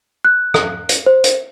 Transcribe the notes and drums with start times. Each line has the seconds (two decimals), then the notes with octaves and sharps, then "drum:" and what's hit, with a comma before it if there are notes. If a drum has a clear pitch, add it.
0.25 F#6
0.54 drum: rim click
0.89 drum: hi-hat
1.06 C5
1.24 drum: hi-hat